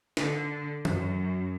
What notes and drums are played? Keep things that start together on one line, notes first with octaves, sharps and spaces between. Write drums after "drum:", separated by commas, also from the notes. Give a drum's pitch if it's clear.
D3, drum: snare
F#2, drum: tom D#3